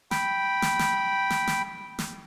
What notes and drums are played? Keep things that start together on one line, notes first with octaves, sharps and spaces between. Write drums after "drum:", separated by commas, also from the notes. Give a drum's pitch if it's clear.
G5 B5, drum: snare
drum: snare
drum: snare
drum: snare
drum: snare
drum: snare